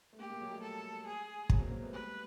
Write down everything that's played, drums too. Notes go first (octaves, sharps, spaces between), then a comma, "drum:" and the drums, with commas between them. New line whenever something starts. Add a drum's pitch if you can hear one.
A3
G#3 A#3 G4
G#3 A#3
F#3 G#3
G3 A3
A4
G#4
F#3 G#3, drum: kick
A#3 C4
A#3 C4
A3 B3
G3 A3 B4